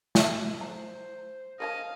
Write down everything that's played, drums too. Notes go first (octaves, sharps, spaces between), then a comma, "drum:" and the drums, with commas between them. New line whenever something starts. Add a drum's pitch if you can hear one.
F#5, drum: snare
C5 A#5
A#4 C#5 D#5 F5 A5